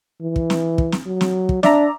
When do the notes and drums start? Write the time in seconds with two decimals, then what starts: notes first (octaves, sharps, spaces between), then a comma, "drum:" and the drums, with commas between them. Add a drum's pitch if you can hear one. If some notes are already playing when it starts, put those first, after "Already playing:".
0.22 E3
0.36 drum: kick
0.50 drum: snare
0.78 drum: kick
0.92 drum: snare
1.06 F#3
1.21 drum: snare
1.49 drum: kick
1.63 D4 D5 E5 A#5, drum: snare